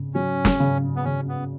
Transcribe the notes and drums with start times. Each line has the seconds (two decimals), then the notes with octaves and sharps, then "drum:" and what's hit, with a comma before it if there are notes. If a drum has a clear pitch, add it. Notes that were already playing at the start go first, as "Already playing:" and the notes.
Already playing: C#3
0.14 F#3 C#4
0.45 drum: snare
0.60 C#3
0.96 B3
1.05 C#3 C#4
1.28 B3